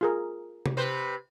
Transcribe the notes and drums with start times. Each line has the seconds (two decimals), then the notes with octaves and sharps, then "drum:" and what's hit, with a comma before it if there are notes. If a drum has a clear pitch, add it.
0.01 F4 G#4 A#4
0.66 drum: tom C3
0.77 C3 B4 C5